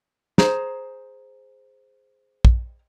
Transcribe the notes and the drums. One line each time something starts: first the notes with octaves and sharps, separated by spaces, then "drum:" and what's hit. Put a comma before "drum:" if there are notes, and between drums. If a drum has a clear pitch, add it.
G#4 C5 A#5, drum: snare
drum: kick